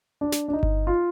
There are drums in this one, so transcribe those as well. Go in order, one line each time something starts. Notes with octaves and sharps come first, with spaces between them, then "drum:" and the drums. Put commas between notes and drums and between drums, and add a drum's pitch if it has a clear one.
D4
drum: snare
D4
D#4
drum: kick G1
F4